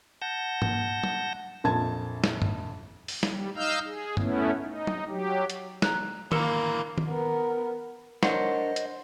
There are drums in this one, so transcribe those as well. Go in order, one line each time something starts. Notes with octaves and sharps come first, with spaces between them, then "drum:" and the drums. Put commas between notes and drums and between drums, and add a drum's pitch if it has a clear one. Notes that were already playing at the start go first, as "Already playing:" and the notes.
F#5 A5 G6 A#6
drum: tom G#2
drum: tom F#3
A#1 F2 A5 G#6
drum: snare
drum: tom G2
drum: open hi-hat
G3, drum: snare
D#4 D#5 F5 E6 F6 G6
G#4
A3 B3 C#4 E4, drum: tom G2
D#4
drum: tom F#3
F#3 G4
drum: hi-hat
A#5 F#6, drum: snare
D3 E3 A#3 A#4 E6 C#7 E7, drum: tom
drum: tom
B3 A#4
D4 A#4 C5 C#5 D#5 F#5, drum: snare
drum: hi-hat